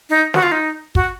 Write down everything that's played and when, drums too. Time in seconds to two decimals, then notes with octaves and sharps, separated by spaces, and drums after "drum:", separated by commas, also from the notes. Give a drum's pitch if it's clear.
0.09 D#4
0.34 F#4, drum: snare
0.43 F4
0.52 D#4
0.95 F#4, drum: kick